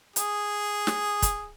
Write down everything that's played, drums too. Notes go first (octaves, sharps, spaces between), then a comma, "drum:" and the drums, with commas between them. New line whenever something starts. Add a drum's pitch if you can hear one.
G#4, drum: hi-hat
drum: snare
drum: kick, hi-hat